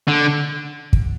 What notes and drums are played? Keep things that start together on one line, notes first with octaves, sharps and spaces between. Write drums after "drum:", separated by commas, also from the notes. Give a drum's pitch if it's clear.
D3
drum: kick